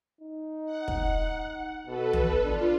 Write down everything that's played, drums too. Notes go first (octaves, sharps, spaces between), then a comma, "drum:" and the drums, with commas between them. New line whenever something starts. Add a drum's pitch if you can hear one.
D#4
F#5
drum: kick
B2 A4 B4
drum: tom
D4 F4